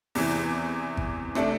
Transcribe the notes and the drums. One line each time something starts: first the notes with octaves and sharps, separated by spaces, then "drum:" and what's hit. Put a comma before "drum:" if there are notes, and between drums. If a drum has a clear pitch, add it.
E2 C3 E3, drum: open hi-hat
drum: kick G#1
C3 A3 D4, drum: rim click